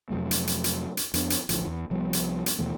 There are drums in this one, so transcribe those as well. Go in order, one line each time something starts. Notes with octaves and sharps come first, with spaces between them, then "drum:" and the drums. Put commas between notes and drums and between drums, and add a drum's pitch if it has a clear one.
F2 C3 F#3 A3
drum: hi-hat
drum: hi-hat
drum: hi-hat
drum: hi-hat
F2 B3 D4, drum: hi-hat
drum: hi-hat
A1 D2 F3, drum: hi-hat
E2
C2 F3 G3 B3
drum: hi-hat
drum: hi-hat
D#2 B2 E3 A3